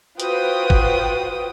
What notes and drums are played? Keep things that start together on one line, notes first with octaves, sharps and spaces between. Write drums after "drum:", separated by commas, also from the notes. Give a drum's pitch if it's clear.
F4 F#4 B4 C5 G5 D#6, drum: hi-hat
drum: kick